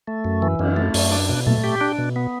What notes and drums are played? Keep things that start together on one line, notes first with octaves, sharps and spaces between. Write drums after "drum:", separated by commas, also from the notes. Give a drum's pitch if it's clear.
A3
F#2
E3
F#2, drum: cymbal
A3
F#2, drum: open hi-hat
D4
B2
A3, drum: tom A#2
G4
D4
B2
B3